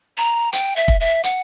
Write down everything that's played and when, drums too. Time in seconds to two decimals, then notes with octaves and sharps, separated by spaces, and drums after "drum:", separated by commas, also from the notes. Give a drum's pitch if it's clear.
0.17 A#5
0.53 G5, drum: hi-hat
0.76 E5
0.88 drum: kick
1.00 E5
1.24 F#5, drum: hi-hat